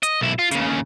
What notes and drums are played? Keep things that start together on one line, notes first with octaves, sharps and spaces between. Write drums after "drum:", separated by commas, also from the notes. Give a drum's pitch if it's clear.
D#5, drum: hi-hat
B1 E4
F4
D#2 C#3, drum: hi-hat